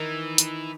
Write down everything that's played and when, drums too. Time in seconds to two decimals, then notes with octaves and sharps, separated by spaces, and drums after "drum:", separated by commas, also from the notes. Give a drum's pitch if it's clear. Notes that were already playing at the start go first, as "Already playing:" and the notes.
Already playing: D#3 E3 D#4
0.38 drum: hi-hat